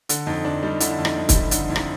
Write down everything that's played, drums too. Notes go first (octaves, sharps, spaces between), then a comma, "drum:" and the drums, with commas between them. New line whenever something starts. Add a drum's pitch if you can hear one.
D3, drum: hi-hat
F2 D#4
F2 D4
G3 D#4
D3 E4, drum: hi-hat
F2
D#4, drum: rim click
F2
E4, drum: kick, hi-hat
G3
D3 D#4, drum: hi-hat
F2 E4
D#4, drum: rim click